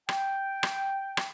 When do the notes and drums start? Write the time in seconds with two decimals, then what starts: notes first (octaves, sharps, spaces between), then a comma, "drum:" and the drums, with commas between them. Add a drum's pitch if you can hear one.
0.09 G5, drum: rim click
0.63 drum: rim click
1.17 drum: rim click